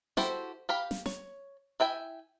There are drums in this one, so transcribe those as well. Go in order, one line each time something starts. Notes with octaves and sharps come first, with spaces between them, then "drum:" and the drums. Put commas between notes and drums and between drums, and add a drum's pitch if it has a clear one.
E4 F#4 G4 A4 C5, drum: snare
G4 F5 B5
drum: snare
C#5, drum: snare
E4 E5 G5 G#5